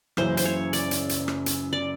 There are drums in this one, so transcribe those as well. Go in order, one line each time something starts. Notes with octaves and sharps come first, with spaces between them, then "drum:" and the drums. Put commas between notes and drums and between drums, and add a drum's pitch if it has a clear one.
F#1 F#2 C#3 E3 C5, drum: rim click
C5, drum: hi-hat
C#5
D5, drum: hi-hat
drum: hi-hat
drum: hi-hat
drum: rim click
drum: hi-hat
D5